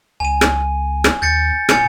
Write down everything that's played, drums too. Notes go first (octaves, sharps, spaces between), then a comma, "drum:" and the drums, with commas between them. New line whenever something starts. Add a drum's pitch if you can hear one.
C#2 G#5 D#7
drum: rim click
drum: rim click
D#2 G6 A6 C#7
A#2 G#5 C#7, drum: rim click